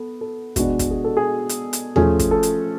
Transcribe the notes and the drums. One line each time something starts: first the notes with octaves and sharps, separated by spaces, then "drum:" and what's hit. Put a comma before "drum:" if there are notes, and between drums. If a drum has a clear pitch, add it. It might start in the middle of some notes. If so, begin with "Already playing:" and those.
Already playing: B3 A4
A4
B2 G#3 B3 D4 F#4, drum: kick, hi-hat
drum: kick, hi-hat
G#4
A4
G#4
drum: hi-hat
drum: hi-hat
F3 A3 C#4 G#4, drum: tom D#2
drum: kick, hi-hat
A4
drum: hi-hat